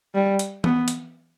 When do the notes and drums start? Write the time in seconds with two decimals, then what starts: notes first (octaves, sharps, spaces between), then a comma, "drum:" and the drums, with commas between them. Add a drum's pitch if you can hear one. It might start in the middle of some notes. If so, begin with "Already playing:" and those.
0.15 G3
0.39 drum: hi-hat
0.64 B3, drum: tom E3
0.88 drum: hi-hat